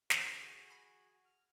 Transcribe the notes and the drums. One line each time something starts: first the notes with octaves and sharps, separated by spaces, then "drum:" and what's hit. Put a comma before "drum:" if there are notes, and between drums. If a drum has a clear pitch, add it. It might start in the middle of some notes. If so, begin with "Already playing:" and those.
D3 E3 F#4 G#4, drum: snare
G#5 B5 A#6
F6